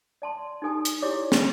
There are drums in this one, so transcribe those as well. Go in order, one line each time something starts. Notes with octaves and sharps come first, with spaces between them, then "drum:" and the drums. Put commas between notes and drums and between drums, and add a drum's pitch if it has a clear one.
D5 A5 C6
D#4 G4 A4 G#5 D#6
drum: hi-hat
E4 G4 G#4 C#5 D5 D6
drum: snare